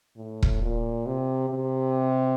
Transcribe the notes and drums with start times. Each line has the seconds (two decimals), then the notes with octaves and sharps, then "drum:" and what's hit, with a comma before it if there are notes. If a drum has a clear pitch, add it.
0.17 A2
0.43 drum: kick E1
0.62 A#2
1.07 C3
1.51 C3